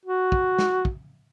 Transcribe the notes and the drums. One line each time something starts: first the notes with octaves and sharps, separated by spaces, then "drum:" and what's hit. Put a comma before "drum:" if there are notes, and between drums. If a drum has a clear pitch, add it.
F#4
drum: kick
drum: snare
drum: kick